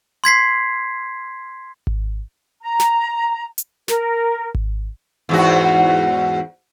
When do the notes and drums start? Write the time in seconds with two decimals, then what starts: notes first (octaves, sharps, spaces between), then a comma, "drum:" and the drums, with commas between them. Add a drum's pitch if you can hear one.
0.24 C6 G#6 B6 C7
1.87 drum: kick G#1
2.61 A#5
2.80 drum: snare
3.58 drum: hi-hat
3.88 A#4, drum: snare
4.55 drum: kick G#1
5.29 E2 G#2 F#4